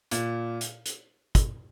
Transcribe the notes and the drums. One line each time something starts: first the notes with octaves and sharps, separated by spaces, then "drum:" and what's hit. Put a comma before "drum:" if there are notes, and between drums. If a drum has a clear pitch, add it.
A#2, drum: hi-hat
drum: hi-hat
drum: hi-hat
drum: kick, hi-hat